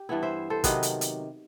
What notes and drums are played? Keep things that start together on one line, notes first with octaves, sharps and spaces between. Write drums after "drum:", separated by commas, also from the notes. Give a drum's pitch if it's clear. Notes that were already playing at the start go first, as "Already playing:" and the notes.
Already playing: G4
G2 E3 B3 E4
C5 E5
A4 C5
C3 D#3 F#3 B3 B4 D#5, drum: kick, hi-hat
drum: hi-hat
drum: hi-hat